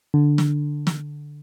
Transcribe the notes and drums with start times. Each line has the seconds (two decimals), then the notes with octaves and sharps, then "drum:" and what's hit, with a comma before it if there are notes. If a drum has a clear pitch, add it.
0.14 D3
0.38 drum: snare
0.87 drum: snare